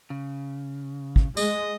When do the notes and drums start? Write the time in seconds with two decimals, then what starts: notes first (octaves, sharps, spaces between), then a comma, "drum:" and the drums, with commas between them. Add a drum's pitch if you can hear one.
0.10 C#3
1.16 drum: kick
1.37 G#3 D#5, drum: tambourine